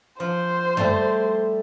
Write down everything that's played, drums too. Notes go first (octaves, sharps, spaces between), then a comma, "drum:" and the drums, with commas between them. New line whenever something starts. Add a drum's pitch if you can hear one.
F3 C5
G3 A3, drum: tom F#2